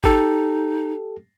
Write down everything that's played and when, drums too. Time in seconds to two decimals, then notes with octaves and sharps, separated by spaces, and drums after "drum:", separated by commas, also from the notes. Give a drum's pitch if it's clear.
0.04 D#4 G4 A4, drum: kick G#1